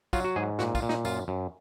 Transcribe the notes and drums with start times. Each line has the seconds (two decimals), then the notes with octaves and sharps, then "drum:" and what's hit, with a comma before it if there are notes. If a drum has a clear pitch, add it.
0.13 F#3 F4, drum: kick, tambourine
0.24 F#4
0.36 G#2 G#4
0.59 A#2 F#4, drum: snare
0.75 F4, drum: kick, tambourine
0.82 A#2
0.89 D#4, drum: snare
1.05 F#2 F4, drum: tambourine
1.28 F#2